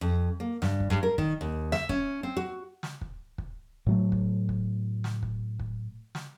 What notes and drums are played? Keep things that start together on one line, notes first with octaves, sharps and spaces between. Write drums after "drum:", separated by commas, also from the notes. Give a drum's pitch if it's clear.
F2
A#3
G2, drum: snare
drum: kick
G2
A#4
D#3, drum: kick
D#2
E5, drum: snare
C#4, drum: kick
C4
F#4
drum: snare
drum: kick
drum: kick
A2 F#3 A3
drum: kick
drum: kick
drum: snare
drum: kick
drum: kick
drum: snare